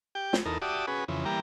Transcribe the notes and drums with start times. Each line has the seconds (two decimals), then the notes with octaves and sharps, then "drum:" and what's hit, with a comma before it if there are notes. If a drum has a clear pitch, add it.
0.15 G4 G5
0.33 drum: snare
0.46 E2 D#4 A4 A#4
0.62 F#4 G4 D5 E5 A5 D#6
0.87 C#4 F#4 G#4 B4
1.08 F2 C#3 E3
1.25 E3 G3 A#3 G4 A#5